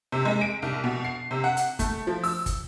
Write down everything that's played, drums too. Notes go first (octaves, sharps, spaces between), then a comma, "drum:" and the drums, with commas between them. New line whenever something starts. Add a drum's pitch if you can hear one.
C3
G#3
D7
C2
B2
C7
C3
F#5
drum: hi-hat
A3, drum: kick, hi-hat
F3
E6, drum: open hi-hat
drum: kick, hi-hat